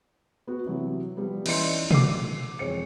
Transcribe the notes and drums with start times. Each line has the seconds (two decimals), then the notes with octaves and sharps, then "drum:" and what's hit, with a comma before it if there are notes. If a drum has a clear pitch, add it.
0.47 B3 F#4
0.66 C3 E3 F#3
1.17 F3 G3 B3
1.46 E3 C#4 D#4 D5 C6 C#7, drum: cymbal
1.91 D6 E6 C7 D#7, drum: tom
2.59 E1 F2 C#5 C#7